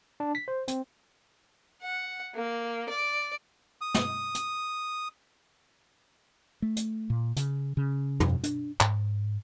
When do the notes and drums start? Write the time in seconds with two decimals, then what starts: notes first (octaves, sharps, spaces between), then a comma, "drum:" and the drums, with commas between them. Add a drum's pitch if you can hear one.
0.20 D4
0.35 B6
0.48 C5
0.68 C4, drum: hi-hat
1.82 F#5
2.34 A#3
2.89 D5
3.81 D#6
3.94 drum: snare
4.35 drum: hi-hat
6.62 A3
6.76 drum: hi-hat
7.10 A#2
7.36 C#3, drum: hi-hat
7.77 C#3
8.20 F2, drum: tom
8.43 D4, drum: hi-hat
8.81 G#2, drum: clap